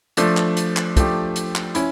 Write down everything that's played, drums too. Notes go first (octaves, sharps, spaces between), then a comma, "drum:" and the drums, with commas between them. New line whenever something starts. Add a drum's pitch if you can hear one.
F3 A3 D4, drum: hi-hat
drum: clap
drum: hi-hat
drum: clap
F3 A3 D4 G4, drum: kick, hi-hat
drum: hi-hat
drum: clap
C#4 E4, drum: hi-hat